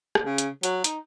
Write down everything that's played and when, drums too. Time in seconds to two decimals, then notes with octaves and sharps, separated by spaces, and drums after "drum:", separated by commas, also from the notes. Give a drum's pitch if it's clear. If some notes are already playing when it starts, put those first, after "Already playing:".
0.15 drum: rim click
0.25 C#3
0.38 drum: hi-hat
0.63 F#3, drum: hi-hat
0.84 D#4, drum: hi-hat